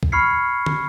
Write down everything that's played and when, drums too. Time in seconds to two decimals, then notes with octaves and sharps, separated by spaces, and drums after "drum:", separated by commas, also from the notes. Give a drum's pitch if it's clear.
0.03 drum: kick
0.12 B5 C#6 F6 G#6 C7 C#7
0.66 drum: tom